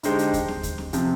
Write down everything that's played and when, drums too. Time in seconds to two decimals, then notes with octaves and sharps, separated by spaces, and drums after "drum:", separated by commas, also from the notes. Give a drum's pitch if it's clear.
0.03 D3 G#3 D#4 G4 C5, drum: hi-hat
0.19 drum: hi-hat
0.33 drum: kick D#2, hi-hat
0.48 drum: snare
0.63 drum: kick D#2, hi-hat
0.78 drum: snare
0.93 C3 F3 C4, drum: hi-hat